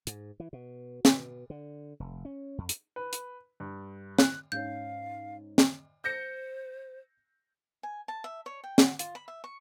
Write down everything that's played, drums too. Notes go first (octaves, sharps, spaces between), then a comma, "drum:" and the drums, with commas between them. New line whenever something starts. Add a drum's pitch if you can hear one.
G#2, drum: hi-hat
E3
B2
B2, drum: snare
D3
F1
C#4
F2
drum: hi-hat
B4
drum: hi-hat
G2
F#6, drum: snare
G#2 C#4 F5 G6
drum: snare
C5 G6 A#6 C#7
G#5
A5
E5
C#5
G5
F#4, drum: snare
F4, drum: hi-hat
B5
E5
C#6